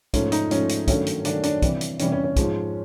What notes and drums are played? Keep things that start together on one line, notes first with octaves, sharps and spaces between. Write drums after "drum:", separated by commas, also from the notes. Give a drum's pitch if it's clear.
G#2 F3 A3 C#4, drum: kick, hi-hat
D#4, drum: hi-hat
G#2 F3 A3 C#4, drum: hi-hat
drum: hi-hat
G2 D#3 F#3 A3 C#4, drum: kick, hi-hat
drum: hi-hat
G2 D#3 F#3 A3 D4, drum: hi-hat
D4, drum: hi-hat
C3 E3 G3, drum: kick, hi-hat
drum: hi-hat
C3 E3 G3 C#4, drum: hi-hat
C#4
C#4
G#2 F3 G#3, drum: kick, hi-hat